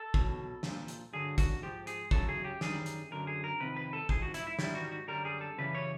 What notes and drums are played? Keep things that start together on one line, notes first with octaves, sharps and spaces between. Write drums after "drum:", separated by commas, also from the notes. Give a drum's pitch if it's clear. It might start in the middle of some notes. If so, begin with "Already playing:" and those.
Already playing: A4
B2 F#3, drum: kick
A#2, drum: snare
F3
drum: hi-hat
G2 D3 F#3 G#4
F#4, drum: kick, hi-hat
G#2 F3 G4
G#4, drum: hi-hat
F#2 C#3 F#3 A4, drum: kick
G#4
G4
F#2 D#3 G3 G#4, drum: snare
drum: hi-hat
F#2 D3 F#3 A#4
G#4
A#4
F2 C3 D#3 B4
B4
A4
G#2 F3 G#4, drum: kick
F#4
E4, drum: hi-hat
E4
G#2 D#3 G3 E4, drum: snare
F#4
F#4
F#2 D3 G3 A#4
G#4
A4
F#2 C#3 E3 G3 B4
C#5